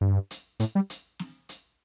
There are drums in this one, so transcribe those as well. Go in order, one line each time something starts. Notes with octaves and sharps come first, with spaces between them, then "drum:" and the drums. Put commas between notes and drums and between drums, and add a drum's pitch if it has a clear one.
G2
drum: hi-hat
A2, drum: hi-hat
G3
drum: hi-hat
drum: snare
drum: hi-hat